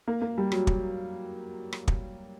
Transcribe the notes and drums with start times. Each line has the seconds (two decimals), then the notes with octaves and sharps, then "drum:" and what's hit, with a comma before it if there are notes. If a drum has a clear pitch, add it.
0.08 A#3
0.22 A#3
0.38 G3
0.52 F#3, drum: rim click
0.67 drum: kick
1.73 drum: rim click
1.88 drum: kick